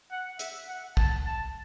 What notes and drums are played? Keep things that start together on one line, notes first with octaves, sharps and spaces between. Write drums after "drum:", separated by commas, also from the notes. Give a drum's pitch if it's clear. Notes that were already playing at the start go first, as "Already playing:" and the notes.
F#5
E5, drum: hi-hat
F#5
A5, drum: kick
A5